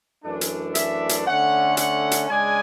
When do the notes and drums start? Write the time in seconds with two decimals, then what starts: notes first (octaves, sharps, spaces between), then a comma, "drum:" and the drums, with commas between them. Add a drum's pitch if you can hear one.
0.24 F#2 E3 A3 D4
0.41 drum: hi-hat
0.75 E5, drum: hi-hat
1.09 drum: hi-hat
1.26 D3 A3 C#4 F#5
1.77 F#5, drum: hi-hat
2.11 drum: hi-hat
2.28 C#3 G#3 D4 G#5